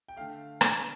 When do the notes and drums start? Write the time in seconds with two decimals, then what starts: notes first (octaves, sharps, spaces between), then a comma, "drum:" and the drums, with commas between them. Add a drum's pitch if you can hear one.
0.08 G5
0.16 D3 A3 F5
0.61 drum: rim click